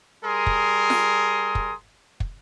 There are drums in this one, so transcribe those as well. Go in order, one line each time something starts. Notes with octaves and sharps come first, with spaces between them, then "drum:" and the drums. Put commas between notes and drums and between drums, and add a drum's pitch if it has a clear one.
G3 G#4 A#4 C6 D#6
drum: kick
drum: snare F4
drum: kick
drum: kick